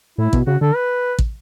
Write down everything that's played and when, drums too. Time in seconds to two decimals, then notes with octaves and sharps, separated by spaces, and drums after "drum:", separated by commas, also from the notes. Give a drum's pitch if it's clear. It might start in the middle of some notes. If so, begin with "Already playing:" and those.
0.18 A2 E4
0.33 B2, drum: kick
0.47 C#3 F#4
0.61 D3 A4
0.75 B4
1.19 drum: kick